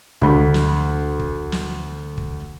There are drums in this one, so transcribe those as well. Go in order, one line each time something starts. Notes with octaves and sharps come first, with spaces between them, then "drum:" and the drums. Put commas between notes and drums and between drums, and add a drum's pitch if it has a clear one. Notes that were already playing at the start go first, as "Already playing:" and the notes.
D2 B5, drum: kick
drum: snare
drum: kick
drum: snare
drum: kick